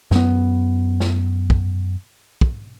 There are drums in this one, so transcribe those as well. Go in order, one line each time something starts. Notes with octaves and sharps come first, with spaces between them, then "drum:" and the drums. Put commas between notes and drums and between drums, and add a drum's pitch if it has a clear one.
F#2 B3, drum: snare
drum: snare
drum: kick
drum: kick